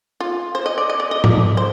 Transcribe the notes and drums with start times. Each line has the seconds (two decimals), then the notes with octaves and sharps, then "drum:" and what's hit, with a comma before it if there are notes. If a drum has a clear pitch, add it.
0.20 F4
0.55 C5
0.66 D#5
0.78 D5
0.90 D#5
1.00 D5
1.11 D#5
1.24 D5, drum: tom G#2
1.57 C5